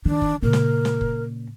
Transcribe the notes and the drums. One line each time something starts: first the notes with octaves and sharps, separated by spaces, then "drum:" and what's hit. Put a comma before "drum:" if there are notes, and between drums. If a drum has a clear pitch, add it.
D#3 D4
drum: kick F#1
A#2 C#3 A#4
drum: snare
drum: snare
drum: kick F#1